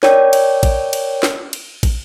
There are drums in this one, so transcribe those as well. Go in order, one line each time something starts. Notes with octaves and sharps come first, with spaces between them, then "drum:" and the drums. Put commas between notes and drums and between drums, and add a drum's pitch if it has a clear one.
A#4 C#5 D5 G5, drum: snare
drum: cymbal
drum: kick, cymbal
drum: cymbal
drum: snare
drum: cymbal
drum: kick, cymbal